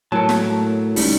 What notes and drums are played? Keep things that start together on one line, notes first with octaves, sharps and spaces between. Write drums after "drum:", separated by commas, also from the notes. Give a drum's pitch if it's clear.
A2 F#3 A#4 A5
drum: snare
C#2 G3 D#4, drum: open hi-hat